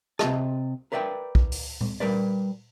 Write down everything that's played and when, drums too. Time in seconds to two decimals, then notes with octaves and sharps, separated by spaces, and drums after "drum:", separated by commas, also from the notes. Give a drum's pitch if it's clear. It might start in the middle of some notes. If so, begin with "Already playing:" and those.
0.19 C3 F#3 D#5 A5, drum: rim click
0.92 A#4 B4 D5 E5 G5
1.35 drum: kick A#1
1.52 drum: open hi-hat
1.81 drum: tom A#2
2.00 G3 A#4 B4 D5